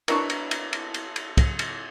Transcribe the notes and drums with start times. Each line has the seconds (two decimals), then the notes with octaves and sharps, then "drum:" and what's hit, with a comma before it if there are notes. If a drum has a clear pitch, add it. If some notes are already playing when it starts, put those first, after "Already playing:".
0.08 B2 F#3 D4 E4 A#4 C#6, drum: cymbal
0.30 drum: cymbal
0.51 drum: cymbal
0.73 drum: cymbal
0.94 drum: cymbal
1.16 drum: cymbal
1.37 drum: kick, cymbal
1.59 drum: cymbal